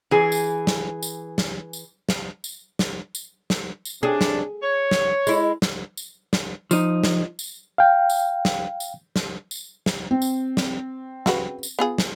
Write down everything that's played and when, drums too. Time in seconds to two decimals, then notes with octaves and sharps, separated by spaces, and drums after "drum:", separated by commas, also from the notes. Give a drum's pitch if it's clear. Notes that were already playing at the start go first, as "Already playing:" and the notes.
0.11 E3 G#4
0.32 drum: tambourine
0.67 drum: snare
1.03 drum: tambourine
1.38 drum: snare
1.73 drum: tambourine
2.09 drum: snare
2.44 drum: tambourine
2.79 drum: snare
3.15 drum: tambourine
3.50 drum: snare
3.85 drum: tambourine
4.03 C3 C#4 D4 G#4
4.21 drum: snare
4.63 C#5
4.91 drum: snare
5.27 G#3 E4, drum: tambourine
5.62 drum: snare
5.97 drum: tambourine
6.33 drum: snare
6.71 F3 D#4, drum: tambourine
7.04 drum: snare
7.39 drum: tambourine
7.78 F5 G5
8.10 drum: tambourine
8.45 drum: snare
8.80 drum: tambourine
9.16 drum: snare
9.51 drum: tambourine
9.86 drum: snare
10.11 C4
10.22 drum: tambourine
10.57 drum: snare
11.26 C#3 F#4 B4, drum: snare
11.63 drum: tambourine
11.79 B3 F4 G#4
11.98 drum: snare